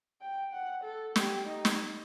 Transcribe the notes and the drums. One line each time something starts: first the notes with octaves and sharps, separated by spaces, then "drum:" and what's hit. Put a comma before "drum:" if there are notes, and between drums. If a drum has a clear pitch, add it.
G5
F#5
A4
G4, drum: snare
D#4
drum: snare